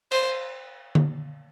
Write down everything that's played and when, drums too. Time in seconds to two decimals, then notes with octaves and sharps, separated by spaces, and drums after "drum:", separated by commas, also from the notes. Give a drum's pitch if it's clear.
0.12 C5, drum: cymbal
0.95 drum: tom D3